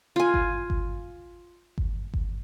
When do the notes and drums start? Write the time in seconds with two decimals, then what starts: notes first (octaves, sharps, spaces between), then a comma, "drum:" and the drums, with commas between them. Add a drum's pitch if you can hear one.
0.16 F4 G#5
0.34 drum: kick G1
0.70 drum: kick G1
1.78 drum: kick G1
2.14 drum: kick G1